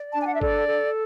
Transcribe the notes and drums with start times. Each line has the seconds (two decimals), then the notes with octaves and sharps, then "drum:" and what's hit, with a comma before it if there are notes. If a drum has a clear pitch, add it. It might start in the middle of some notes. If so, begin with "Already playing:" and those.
Already playing: D5
0.12 A5
0.15 D4
0.20 G#5
0.26 F#5
0.35 E5
0.41 A4 D5, drum: kick G1
0.68 A4